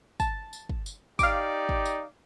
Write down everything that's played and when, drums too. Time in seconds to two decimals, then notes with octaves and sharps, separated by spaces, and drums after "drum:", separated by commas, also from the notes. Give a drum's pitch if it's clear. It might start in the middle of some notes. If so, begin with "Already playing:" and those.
0.20 A5, drum: kick, tambourine
0.53 drum: tambourine
0.69 drum: kick
0.86 drum: tambourine
1.19 D#4 G4 D5 F5 D6, drum: kick, tambourine
1.69 drum: kick
1.85 drum: tambourine